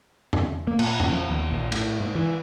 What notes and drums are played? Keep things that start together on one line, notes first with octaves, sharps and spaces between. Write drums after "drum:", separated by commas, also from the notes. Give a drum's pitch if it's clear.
drum: tom E2
A#3
A#2, drum: cymbal
drum: tom E2
F3
D#2
A#1
A2, drum: cymbal
G#2
E3